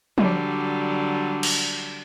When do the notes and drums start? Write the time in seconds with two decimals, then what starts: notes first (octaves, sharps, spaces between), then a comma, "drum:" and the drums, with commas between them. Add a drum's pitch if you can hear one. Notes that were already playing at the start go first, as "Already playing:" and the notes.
0.18 D3 F#3 G3, drum: tom F3
1.43 drum: cymbal